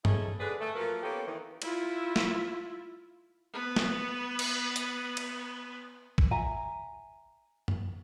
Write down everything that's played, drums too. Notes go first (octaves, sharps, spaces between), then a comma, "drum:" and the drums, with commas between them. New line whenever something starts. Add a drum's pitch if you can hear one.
D2 A3 C#4 E4 G#4 D#5, drum: tom G2
D3 G#4 B4
A3
F3 F#3 A#3 A#4 B4
A#3 B3 C#4 G4 A4
D#3 E3
E4 F4, drum: cymbal
drum: snare
B3 B4
drum: snare
drum: cymbal
drum: hi-hat
drum: cymbal
drum: kick
E5 G#5 A#5
drum: tom F#2